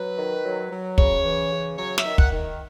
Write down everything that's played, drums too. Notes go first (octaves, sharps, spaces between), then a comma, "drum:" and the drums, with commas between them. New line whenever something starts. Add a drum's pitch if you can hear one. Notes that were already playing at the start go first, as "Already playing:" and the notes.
Already playing: F#3 B4
D#3
F#3
F#3
C#3 C#5, drum: kick
E3
C#3
F#3 C#5
E5, drum: snare
D#3
F#5, drum: kick
D#3